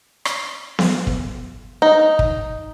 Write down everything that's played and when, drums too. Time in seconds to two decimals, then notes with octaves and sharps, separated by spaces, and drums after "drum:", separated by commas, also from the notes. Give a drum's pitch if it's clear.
0.25 drum: rim click
0.79 drum: snare B3
1.07 drum: kick
1.82 D#4
2.19 drum: kick